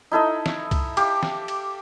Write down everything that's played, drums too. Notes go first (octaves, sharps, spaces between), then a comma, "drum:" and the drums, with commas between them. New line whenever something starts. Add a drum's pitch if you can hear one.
D#4 E4 A4 D#5
drum: snare
drum: kick C2, cymbal
G4 F5 D6, drum: cymbal
drum: snare
drum: cymbal